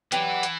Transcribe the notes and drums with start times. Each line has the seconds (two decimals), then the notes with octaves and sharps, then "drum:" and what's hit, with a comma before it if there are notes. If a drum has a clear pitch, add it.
0.12 E3 F#3 B3 D4 G4, drum: hi-hat
0.43 drum: hi-hat